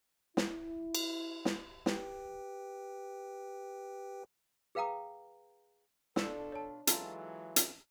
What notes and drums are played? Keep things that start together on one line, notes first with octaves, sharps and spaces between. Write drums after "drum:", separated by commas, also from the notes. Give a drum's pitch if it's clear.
E4, drum: snare
drum: cymbal
drum: snare
G4 B4 G5, drum: snare
G#4 B4 F5 G5 A#5 D#6
B2 D4 F4 A4 E6 C#7 E7, drum: snare
C#5 A5
E3 F#3 G#3 F4 A4 A5 A#5, drum: hi-hat
drum: hi-hat